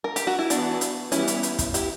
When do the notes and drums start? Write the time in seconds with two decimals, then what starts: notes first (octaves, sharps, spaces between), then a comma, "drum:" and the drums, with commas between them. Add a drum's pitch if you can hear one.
0.04 A#4
0.16 G4, drum: hi-hat
0.27 F#4
0.39 E4
0.50 E3 B3 D4 F#4, drum: hi-hat
0.81 drum: hi-hat
1.12 E3 G3 B3 C#4 E4, drum: hi-hat
1.28 drum: hi-hat
1.43 drum: hi-hat
1.59 drum: kick, hi-hat
1.74 E4 G4, drum: hi-hat